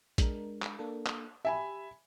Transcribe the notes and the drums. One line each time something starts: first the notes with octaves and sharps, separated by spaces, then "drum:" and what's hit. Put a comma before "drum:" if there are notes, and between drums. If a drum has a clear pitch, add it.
G#3 D4 A#4, drum: kick A#1, hi-hat
drum: clap
A#3 D4 A4
drum: clap
G4 E5 G#5 B5